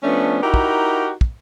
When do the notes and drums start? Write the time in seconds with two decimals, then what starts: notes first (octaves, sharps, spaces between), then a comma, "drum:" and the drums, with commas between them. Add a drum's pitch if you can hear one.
0.03 F3 A3 B3 C#4 D4
0.43 D#4 E4 F#4 G4 A#4
0.54 drum: kick
1.21 drum: kick